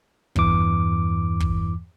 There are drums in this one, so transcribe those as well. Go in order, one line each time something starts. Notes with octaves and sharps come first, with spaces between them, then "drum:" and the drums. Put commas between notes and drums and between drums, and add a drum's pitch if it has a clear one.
E2 G2 E3 D6, drum: kick
drum: kick